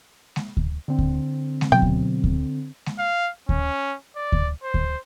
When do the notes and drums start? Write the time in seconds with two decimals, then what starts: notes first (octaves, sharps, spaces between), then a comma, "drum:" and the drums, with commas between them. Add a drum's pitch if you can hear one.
0.36 drum: snare G#3
0.57 drum: kick D2
0.88 D3 C4
0.99 drum: kick D2
1.61 drum: snare G#3
1.72 B2 F#3 G5
1.82 drum: kick D2
2.24 drum: kick D2
2.86 drum: snare G#3
2.99 F5
3.49 C#4, drum: kick D2
4.16 D5
4.32 drum: kick D2
4.63 C5
4.74 drum: kick D2